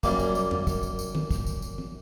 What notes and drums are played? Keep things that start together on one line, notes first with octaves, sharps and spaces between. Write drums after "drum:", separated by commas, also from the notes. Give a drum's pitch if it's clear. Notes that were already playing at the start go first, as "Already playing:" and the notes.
F#2 G3 A#3, drum: kick, tambourine
drum: tambourine
drum: tambourine
drum: tom F2
drum: kick, tambourine
drum: tambourine
drum: tambourine
drum: tom D#3
drum: kick, tambourine
drum: tambourine
drum: tambourine
drum: tom